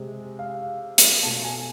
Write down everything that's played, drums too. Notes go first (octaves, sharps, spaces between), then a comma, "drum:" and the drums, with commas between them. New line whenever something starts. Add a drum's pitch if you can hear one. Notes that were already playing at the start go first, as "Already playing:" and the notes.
Already playing: C3 G#3
F5
drum: hi-hat
B2 A3 A5
G#5